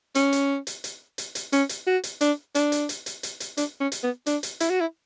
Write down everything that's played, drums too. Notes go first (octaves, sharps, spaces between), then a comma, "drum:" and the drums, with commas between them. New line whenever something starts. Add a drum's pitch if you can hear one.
C#4, drum: hi-hat
drum: hi-hat
drum: hi-hat
drum: hi-hat
drum: hi-hat
drum: hi-hat
C#4, drum: hi-hat
drum: hi-hat
F#4
drum: hi-hat
D4, drum: hi-hat
D4, drum: hi-hat
drum: hi-hat
drum: hi-hat
drum: hi-hat
drum: hi-hat
drum: hi-hat
D4, drum: hi-hat
C#4
drum: hi-hat
B3
D4, drum: hi-hat
drum: hi-hat
E4, drum: hi-hat
F#4
E4